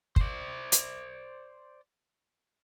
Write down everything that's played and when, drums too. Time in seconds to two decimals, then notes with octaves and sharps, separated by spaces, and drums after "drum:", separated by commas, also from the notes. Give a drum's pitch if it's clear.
0.16 C5 D5, drum: kick
0.72 drum: hi-hat